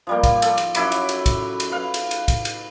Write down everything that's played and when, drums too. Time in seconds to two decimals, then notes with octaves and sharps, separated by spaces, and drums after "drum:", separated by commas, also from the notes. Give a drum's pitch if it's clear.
0.07 F3 G3 A#3
0.24 drum: kick, cymbal
0.42 A4, drum: cymbal
0.58 drum: cymbal
0.75 F#2 E4 B5 D6, drum: cymbal
0.92 drum: cymbal
1.09 drum: cymbal
1.26 drum: kick, cymbal
1.60 drum: cymbal
1.72 B4 F5
1.94 drum: cymbal
2.11 drum: cymbal
2.28 drum: kick, cymbal
2.45 drum: cymbal